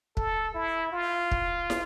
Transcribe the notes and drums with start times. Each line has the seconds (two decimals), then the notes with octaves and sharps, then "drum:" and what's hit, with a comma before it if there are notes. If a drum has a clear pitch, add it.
0.17 A4, drum: kick
0.55 E4
0.93 F4
1.31 drum: kick
1.70 drum: snare